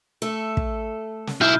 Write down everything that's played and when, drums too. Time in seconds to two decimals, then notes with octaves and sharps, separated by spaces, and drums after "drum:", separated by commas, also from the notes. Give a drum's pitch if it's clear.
0.22 A3 A4
0.57 drum: kick
1.27 drum: snare
1.41 B1 E4 F6 G6